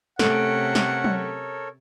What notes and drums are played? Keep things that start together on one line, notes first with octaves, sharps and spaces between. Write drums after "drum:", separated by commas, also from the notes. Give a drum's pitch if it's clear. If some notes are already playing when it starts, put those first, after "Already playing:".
C3 A3 C#4 A4 A#4 C#5 F#5, drum: snare
drum: snare
drum: tom F#3